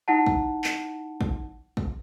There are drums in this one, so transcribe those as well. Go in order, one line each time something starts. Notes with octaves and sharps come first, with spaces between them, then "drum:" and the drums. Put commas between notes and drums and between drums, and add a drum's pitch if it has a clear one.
D#4 E4 F#5 A5
drum: kick
drum: clap
drum: kick
drum: kick